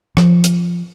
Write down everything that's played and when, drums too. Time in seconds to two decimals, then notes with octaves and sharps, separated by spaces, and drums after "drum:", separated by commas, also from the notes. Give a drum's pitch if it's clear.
0.17 F3, drum: rim click
0.44 drum: hi-hat